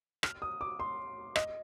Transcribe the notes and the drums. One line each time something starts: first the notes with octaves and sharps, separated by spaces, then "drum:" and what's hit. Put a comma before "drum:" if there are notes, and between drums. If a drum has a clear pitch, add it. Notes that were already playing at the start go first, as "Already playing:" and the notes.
F6, drum: rim click
D#6
D6
C6
D#5, drum: rim click